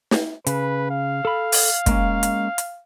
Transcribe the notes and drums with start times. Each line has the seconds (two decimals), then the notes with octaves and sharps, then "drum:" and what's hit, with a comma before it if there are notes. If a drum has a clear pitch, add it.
0.11 drum: snare
0.47 C#3 B4, drum: hi-hat
0.90 F5
1.25 A4 B5
1.52 drum: open hi-hat
1.86 G#3 A#3 C#4, drum: kick, hi-hat
2.23 drum: hi-hat
2.58 drum: hi-hat